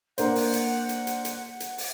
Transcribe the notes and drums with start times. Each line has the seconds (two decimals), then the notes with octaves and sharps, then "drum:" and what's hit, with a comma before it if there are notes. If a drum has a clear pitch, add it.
0.18 A#3 D4 C5 F#5, drum: hi-hat
0.36 drum: open hi-hat
0.53 drum: hi-hat
0.89 drum: hi-hat
1.07 drum: hi-hat
1.25 drum: hi-hat
1.60 drum: hi-hat
1.78 drum: open hi-hat